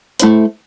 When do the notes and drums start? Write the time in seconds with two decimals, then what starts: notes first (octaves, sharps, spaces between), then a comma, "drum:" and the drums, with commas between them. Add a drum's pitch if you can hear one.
0.20 A3 E4 C5, drum: hi-hat